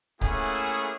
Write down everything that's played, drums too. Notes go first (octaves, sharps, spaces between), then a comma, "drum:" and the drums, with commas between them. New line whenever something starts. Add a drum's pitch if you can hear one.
A3 A#3 C#4 E4 G#4 F#5, drum: kick C#1